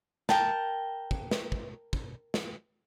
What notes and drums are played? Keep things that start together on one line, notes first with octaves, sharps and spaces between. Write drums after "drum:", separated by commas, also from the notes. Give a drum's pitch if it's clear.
A#4 G5 A5, drum: snare
drum: kick
drum: snare
drum: kick
drum: kick
drum: snare